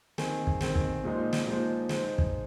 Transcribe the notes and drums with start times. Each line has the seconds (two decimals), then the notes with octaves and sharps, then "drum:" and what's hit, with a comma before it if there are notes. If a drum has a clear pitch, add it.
0.18 D#3 C4 G#4, drum: snare
0.47 drum: kick
0.61 D#3 C4 G#4, drum: snare
0.75 drum: kick
1.03 A#2 F3 G#3 D#4 C5
1.33 drum: snare
1.47 A#2 F3 G#3 D#4 C5
1.89 G#3 D#4 C5, drum: snare
2.18 drum: kick